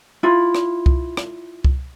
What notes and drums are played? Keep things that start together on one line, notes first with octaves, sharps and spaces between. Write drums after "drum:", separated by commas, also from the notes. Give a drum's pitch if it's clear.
E4 F4
drum: rim click
drum: kick C2
drum: rim click
drum: kick C2